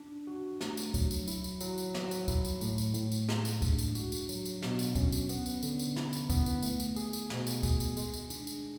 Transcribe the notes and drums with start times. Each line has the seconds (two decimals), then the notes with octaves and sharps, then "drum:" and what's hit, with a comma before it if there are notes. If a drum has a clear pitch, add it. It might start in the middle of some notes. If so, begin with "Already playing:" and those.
Already playing: D4
0.27 F#4
0.61 A3, drum: snare
0.77 drum: tambourine
0.94 F#3, drum: kick C#2, tambourine
1.11 drum: tambourine
1.28 E4, drum: tambourine
1.44 drum: tambourine
1.61 F#3, drum: tambourine
1.78 drum: tambourine
1.94 F#3, drum: snare
2.11 drum: tambourine
2.28 E4, drum: kick C#2, tambourine
2.45 drum: tambourine
2.61 A2, drum: tambourine
2.78 drum: tambourine
2.94 A2, drum: tambourine
3.12 drum: tambourine
3.28 G#3, drum: snare
3.45 drum: tambourine
3.62 D4, drum: kick C#2, tambourine
3.78 drum: tambourine
3.95 F#4, drum: tambourine
4.12 drum: tambourine
4.29 F#3, drum: tambourine
4.45 drum: tambourine
4.62 B2, drum: snare
4.79 drum: tambourine
4.95 C#4, drum: kick C#2, tambourine
5.12 drum: tambourine
5.29 B3, drum: tambourine
5.46 drum: tambourine
5.63 D3, drum: tambourine
5.79 drum: tambourine
5.96 E4, drum: snare
6.13 drum: tambourine
6.30 B3, drum: kick C#2, tambourine
6.46 drum: tambourine
6.62 A3, drum: tambourine
6.80 drum: tambourine
6.96 G#4, drum: tambourine
7.13 drum: tambourine
7.30 B2, drum: snare
7.47 drum: tambourine
7.63 G#4, drum: kick C#2, tambourine
7.80 drum: tambourine
7.97 G#3, drum: tambourine
8.14 drum: tambourine
8.30 D4, drum: tambourine
8.47 drum: tambourine